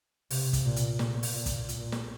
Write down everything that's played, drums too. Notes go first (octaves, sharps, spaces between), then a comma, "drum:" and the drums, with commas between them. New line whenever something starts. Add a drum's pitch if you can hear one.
C3, drum: open hi-hat
drum: kick, hi-hat
A#2
drum: hi-hat
A#2, drum: snare
drum: open hi-hat
A#2
drum: kick, hi-hat
A#2, drum: hi-hat
drum: snare